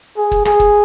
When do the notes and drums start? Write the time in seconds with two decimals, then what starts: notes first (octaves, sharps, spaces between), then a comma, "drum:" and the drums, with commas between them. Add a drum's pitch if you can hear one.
0.17 G#4
0.31 drum: kick
0.45 G#4, drum: rim click
0.60 drum: kick